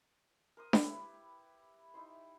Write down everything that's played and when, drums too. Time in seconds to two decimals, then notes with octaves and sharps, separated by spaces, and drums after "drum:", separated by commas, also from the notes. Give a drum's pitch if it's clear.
0.57 A#4 C5 D#6
0.73 E4 G4 B4, drum: snare D4
1.94 D#4 E4 C5